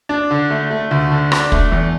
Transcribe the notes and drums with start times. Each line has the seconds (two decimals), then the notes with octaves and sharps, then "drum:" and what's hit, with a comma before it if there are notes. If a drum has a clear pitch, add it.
0.09 D4
0.31 D3
0.50 A3
0.71 A3
0.91 D2
1.11 D3
1.32 D4, drum: rim click
1.52 A3, drum: kick
1.72 E2